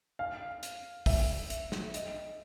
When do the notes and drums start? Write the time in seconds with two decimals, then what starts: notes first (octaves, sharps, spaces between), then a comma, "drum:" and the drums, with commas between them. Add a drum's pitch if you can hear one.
0.19 F5
0.63 drum: hi-hat
1.06 E5, drum: kick, open hi-hat
1.50 drum: hi-hat
1.72 drum: snare
1.94 D#5, drum: hi-hat